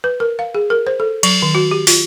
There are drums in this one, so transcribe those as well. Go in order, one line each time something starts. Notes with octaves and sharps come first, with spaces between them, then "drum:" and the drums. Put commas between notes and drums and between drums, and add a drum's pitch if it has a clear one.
B4
A#4
F5
G#4
A#4
C5
A4
F#3, drum: cymbal
D#3
F#4
G4
F4, drum: open hi-hat